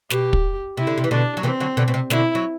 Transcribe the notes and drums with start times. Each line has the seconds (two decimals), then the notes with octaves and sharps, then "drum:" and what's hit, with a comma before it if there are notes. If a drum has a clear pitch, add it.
0.10 B2 G4, drum: snare
0.33 drum: kick
0.77 C3 E4
0.87 D3
0.98 C3
1.04 E3
1.10 B2 D3 D4
1.37 F#3
1.43 C3 E3 C4
1.60 D3 F#3
1.77 B2 D3
1.88 B2
1.94 C3
2.10 B2 D3 E4, drum: snare
2.35 F#3